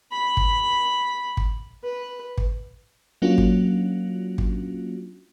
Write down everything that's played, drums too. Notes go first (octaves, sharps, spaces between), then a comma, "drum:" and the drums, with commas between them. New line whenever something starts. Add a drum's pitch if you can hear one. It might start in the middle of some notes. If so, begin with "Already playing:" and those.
B5
drum: kick
drum: kick
B4
drum: kick
F#3 A#3 C#4 D4 F4 F#4
drum: kick
drum: kick